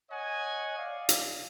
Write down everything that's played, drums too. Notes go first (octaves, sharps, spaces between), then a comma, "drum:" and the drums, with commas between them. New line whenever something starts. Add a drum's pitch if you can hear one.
C#5 D#5 F#5 G#5
D5 F5
drum: hi-hat